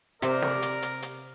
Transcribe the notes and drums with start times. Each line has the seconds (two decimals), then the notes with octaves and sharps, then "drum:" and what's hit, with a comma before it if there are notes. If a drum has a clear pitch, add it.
0.22 C3 G4 A#4 C5 D5, drum: hi-hat
0.42 drum: snare
0.62 drum: hi-hat
0.82 drum: hi-hat
1.02 drum: hi-hat